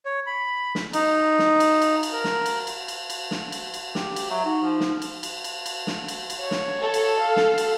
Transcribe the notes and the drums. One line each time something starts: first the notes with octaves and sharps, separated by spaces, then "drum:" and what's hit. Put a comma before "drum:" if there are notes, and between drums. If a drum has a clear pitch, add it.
C#5
B5
drum: snare
D#4, drum: cymbal
drum: snare
drum: cymbal
drum: cymbal
drum: cymbal
A#4
drum: snare
drum: cymbal
drum: cymbal
drum: cymbal
drum: cymbal
drum: snare
drum: cymbal
drum: cymbal
G4, drum: snare
drum: cymbal
F#3 E5
D#4 F#4
F3
drum: snare
drum: cymbal
drum: cymbal
drum: cymbal
drum: cymbal
drum: snare
drum: cymbal
drum: cymbal
C#5
drum: snare
A4
drum: cymbal
F5
drum: snare
drum: cymbal